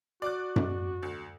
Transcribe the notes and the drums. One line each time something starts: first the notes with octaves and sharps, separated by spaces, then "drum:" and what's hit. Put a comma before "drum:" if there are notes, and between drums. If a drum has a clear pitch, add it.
F#4 D5 D6 F#6
drum: tom F#2
D2